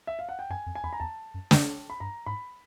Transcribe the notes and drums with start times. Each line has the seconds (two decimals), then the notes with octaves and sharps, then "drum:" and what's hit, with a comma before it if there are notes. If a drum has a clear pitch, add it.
0.07 E5
0.19 F5
0.29 F#5
0.39 G5
0.50 F#2 G#5
0.66 F2
0.75 G#5
0.83 E2 B5
0.93 A#5
1.00 E2 A5
1.34 F#2
1.51 F2, drum: snare
1.90 B5
2.00 G2 A#5
2.26 G#2 B5